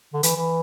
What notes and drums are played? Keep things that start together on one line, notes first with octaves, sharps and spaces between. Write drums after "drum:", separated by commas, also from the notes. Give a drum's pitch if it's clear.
D3
E3, drum: hi-hat
E3